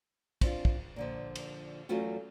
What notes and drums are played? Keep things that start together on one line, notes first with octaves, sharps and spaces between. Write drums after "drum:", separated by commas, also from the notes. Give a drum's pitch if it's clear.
C4 D4 F4, drum: kick, cymbal
drum: kick
A#2 D3 F3
drum: cymbal
E2 F#3 A3 C#4 F4 F#4